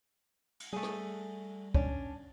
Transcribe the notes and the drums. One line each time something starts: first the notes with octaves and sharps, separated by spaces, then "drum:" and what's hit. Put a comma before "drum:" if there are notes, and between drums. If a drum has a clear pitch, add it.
drum: cymbal
G3 A3 G#4
drum: rim click
C#4 D4, drum: kick